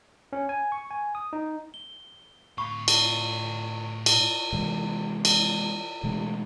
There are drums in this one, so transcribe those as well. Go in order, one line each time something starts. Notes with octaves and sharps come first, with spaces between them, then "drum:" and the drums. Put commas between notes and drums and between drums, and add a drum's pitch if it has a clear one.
C#4
G#5
C#6
G#5
D#6
D#4
G7
A2 F5 B5 C#6
drum: cymbal
drum: cymbal
C3 E3 G#3
drum: cymbal
B2 E3 G#3 A3